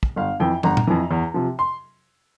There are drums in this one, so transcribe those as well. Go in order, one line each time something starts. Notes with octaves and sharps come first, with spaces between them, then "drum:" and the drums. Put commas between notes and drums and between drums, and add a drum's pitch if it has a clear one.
drum: kick
G1 F5
F2 E3 G5
G1 A#5, drum: tom
drum: tom A#2
F2 E3
E2
C3 F3
C6